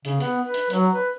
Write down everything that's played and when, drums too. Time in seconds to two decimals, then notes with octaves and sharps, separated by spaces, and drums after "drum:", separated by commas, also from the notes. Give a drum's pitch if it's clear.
0.05 C#3, drum: hi-hat
0.20 B3, drum: hi-hat
0.45 B4
0.54 drum: hi-hat
0.70 F#3, drum: hi-hat
0.94 B4